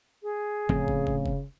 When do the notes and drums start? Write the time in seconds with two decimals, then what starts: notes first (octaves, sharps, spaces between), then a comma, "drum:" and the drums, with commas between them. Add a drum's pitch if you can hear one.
0.23 G#4
0.69 A2 C#3 F3 C4, drum: kick
0.88 drum: kick
1.07 drum: kick
1.26 drum: kick